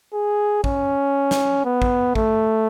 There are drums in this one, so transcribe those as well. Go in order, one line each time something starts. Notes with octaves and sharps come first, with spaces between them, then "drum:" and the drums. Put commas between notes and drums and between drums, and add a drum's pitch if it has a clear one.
G#4
C#4, drum: kick
drum: snare
B3
drum: kick
A3, drum: kick